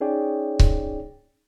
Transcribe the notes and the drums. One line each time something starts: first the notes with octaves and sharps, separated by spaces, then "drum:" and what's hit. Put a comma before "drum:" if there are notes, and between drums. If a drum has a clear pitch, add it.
C#4 D#4 G#4 C#5 D5 G5
drum: kick C#1